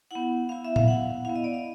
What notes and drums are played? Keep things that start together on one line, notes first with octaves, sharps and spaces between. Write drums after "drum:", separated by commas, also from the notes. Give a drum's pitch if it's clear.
B3 E4 F#5
B3 E4 F5
E5
F5, drum: tom A#2
B3 E4 F#5
B3 E4 F5
D#5
D5
D#5